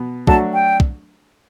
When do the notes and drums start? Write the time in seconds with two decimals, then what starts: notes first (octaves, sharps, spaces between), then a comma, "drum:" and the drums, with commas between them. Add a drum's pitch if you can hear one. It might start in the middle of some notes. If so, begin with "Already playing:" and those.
Already playing: B2 B3
0.27 F#3 A3 D4 F#4 A4 A5, drum: kick
0.54 G5
0.80 drum: kick